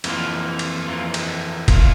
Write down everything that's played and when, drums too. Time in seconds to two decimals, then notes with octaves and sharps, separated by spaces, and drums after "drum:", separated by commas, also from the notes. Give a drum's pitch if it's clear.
0.04 F2 E3 A#3 F4, drum: cymbal
0.59 drum: cymbal
0.86 F2 E3 A#3 F4
1.14 drum: cymbal
1.68 F2 E3 A#3 F4, drum: kick, cymbal